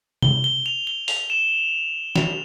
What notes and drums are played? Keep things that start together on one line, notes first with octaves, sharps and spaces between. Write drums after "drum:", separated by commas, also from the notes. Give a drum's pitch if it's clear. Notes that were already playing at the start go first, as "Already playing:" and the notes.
G7, drum: tom C3
G7
F7
G7
F7, drum: open hi-hat
E7
F7, drum: snare